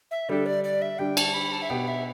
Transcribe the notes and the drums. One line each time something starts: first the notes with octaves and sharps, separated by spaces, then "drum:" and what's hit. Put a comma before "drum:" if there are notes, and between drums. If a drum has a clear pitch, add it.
E5
D3 G3 D4 G4 A4
D5
D5
E5
D3 G3 D4 G4 G5
A5, drum: cymbal
B5
A5
E5
B2 B3 G4 G5
E5